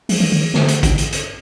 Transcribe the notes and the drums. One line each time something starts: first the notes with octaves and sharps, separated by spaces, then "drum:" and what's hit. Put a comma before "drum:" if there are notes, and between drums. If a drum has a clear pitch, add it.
F3, drum: open hi-hat
E3
D#3
D3, drum: snare
drum: hi-hat
drum: kick A1, hi-hat
drum: hi-hat
drum: hi-hat